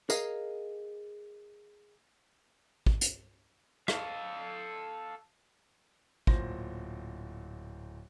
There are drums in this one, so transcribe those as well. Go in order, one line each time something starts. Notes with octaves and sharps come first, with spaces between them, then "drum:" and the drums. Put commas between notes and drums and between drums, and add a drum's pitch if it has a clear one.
G#4 A#4 D#5 F5, drum: tambourine
drum: kick
drum: hi-hat
A4 F5, drum: rim click
D1 A#2 C5 A#6, drum: kick